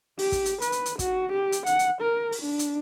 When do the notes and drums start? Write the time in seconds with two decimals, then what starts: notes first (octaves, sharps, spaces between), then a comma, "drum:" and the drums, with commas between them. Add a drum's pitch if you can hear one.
0.19 G4, drum: open hi-hat
0.32 drum: kick, hi-hat
0.45 drum: hi-hat
0.62 B4, drum: hi-hat
0.72 drum: hi-hat
0.86 drum: hi-hat
0.99 F#4, drum: kick, hi-hat
1.32 G4
1.52 drum: hi-hat
1.66 F#5, drum: hi-hat
1.79 drum: hi-hat
2.01 A#4
2.32 drum: open hi-hat
2.42 D4
2.59 drum: hi-hat